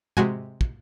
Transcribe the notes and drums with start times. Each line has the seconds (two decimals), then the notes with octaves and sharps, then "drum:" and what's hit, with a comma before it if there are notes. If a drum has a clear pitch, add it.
0.17 C3 G#3 F#4 G#5, drum: tom
0.61 drum: kick